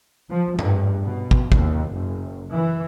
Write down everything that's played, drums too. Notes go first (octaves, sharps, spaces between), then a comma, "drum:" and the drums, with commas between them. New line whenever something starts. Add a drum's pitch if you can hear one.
F3
G2, drum: tom G#2
B2
drum: kick
D#2, drum: kick
F#1
E3